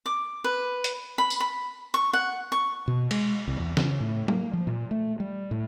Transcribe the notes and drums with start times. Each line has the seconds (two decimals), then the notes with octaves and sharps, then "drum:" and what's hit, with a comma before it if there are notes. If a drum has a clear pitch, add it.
0.06 D6
0.44 B4
0.84 drum: hi-hat
1.18 B5
1.30 drum: tambourine
1.40 B5
1.94 C#6
2.13 F#5
2.52 C#6
2.88 B2
3.11 G#3, drum: cymbal
3.48 C2
3.60 E2
3.77 C#3, drum: snare
4.01 A2
4.28 A#3, drum: tom F#3
4.53 F3
4.67 A#2
4.91 A3
5.20 G3
5.51 A2